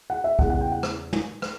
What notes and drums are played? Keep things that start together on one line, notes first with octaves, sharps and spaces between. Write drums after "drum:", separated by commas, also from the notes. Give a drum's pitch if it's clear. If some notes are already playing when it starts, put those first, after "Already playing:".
F#5
E5
E2 C#3 G3 F#5, drum: kick B1
F#5
G5
F#5
drum: rim click
drum: tom
drum: rim click